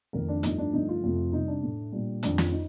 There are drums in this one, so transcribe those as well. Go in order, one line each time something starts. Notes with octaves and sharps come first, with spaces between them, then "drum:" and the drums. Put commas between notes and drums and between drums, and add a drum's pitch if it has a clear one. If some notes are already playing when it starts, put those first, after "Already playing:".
F2 D#3 A3 A#4
D4
G2 F3 A3 D#4, drum: hi-hat
D4
G2 D3 F3 A3 D#4
F4
F2 C3 F3 A3
C3 G3 D#4
D4
A2 A3
A#2 G3
F2 D#3 G3 D4, drum: hi-hat
F4, drum: snare
D#4